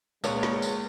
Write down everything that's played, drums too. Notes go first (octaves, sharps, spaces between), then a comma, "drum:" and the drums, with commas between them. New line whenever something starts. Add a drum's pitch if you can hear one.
C#2 A#2 D#3 G#3 A#3 B3 C#5, drum: tambourine
drum: snare
drum: tambourine